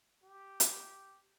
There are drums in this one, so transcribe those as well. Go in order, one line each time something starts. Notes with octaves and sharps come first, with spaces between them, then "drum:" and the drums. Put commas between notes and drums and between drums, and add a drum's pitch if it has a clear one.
G4
drum: hi-hat